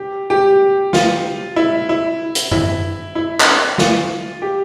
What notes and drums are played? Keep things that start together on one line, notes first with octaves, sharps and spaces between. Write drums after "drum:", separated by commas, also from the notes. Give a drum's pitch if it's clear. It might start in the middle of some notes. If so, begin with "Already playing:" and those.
Already playing: G4
G4
F4, drum: snare
E4
E4
drum: hi-hat
E4, drum: tom F#2
E4
drum: clap
F4, drum: snare
G4